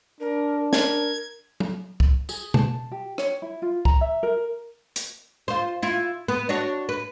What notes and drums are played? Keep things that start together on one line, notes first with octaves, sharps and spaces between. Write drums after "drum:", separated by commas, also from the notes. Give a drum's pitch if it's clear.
D4 A#4
A#4 G#6, drum: snare
drum: tom F#3
drum: kick C2
G#4, drum: tambourine
A5, drum: tom B2
G4
C#5, drum: rim click
E4
F4
A#5, drum: kick C2
E5
A#4
drum: hi-hat
F4 C5
E4 F4
B3 B4
D4 F#4 C#5
B4